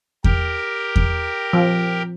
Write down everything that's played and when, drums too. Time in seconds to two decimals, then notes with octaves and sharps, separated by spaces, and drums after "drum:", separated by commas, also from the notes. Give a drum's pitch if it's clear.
0.24 G4 A#4, drum: kick E2
0.96 drum: kick E2
1.53 F3